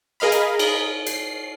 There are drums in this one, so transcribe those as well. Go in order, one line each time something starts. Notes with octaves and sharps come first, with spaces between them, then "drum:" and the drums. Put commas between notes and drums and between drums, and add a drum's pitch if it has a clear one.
G#4 A#4 D#5 F5 B5
drum: hi-hat
drum: cymbal
C7, drum: hi-hat